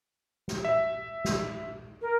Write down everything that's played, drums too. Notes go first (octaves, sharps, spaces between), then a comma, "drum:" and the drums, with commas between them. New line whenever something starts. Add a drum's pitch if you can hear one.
drum: snare
E5
drum: snare
A#4